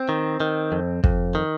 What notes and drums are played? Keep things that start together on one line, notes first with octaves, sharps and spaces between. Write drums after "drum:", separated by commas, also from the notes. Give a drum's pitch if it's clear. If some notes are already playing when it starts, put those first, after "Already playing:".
Already playing: C4
D#3
D#3
F2
F2, drum: kick
D#3